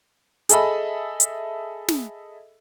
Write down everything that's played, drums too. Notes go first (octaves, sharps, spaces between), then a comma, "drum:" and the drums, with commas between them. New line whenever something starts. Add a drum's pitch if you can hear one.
G#4 A4 D#5 E5 B5, drum: hi-hat
drum: hi-hat
drum: snare